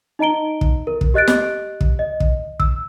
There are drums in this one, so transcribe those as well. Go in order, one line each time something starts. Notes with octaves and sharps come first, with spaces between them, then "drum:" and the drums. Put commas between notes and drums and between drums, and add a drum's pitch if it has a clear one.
D#4 D#5 A#5 D7 G7
drum: kick
A#4
drum: kick
G4 D#5 F#6 A6 D7
drum: snare
drum: kick
D#5
drum: kick
E6, drum: kick